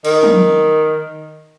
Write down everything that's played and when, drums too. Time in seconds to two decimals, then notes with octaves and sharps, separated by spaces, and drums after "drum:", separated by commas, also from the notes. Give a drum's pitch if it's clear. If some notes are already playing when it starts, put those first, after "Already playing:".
0.05 D#3, drum: cymbal
0.23 drum: tom